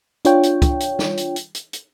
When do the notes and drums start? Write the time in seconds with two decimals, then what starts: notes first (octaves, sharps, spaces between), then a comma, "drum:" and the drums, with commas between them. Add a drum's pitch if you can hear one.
0.25 D4 F4 C#5 G5, drum: hi-hat
0.43 drum: hi-hat
0.62 drum: kick, hi-hat
0.80 drum: hi-hat
0.99 drum: snare
1.17 drum: hi-hat
1.36 drum: hi-hat
1.55 drum: hi-hat
1.73 drum: hi-hat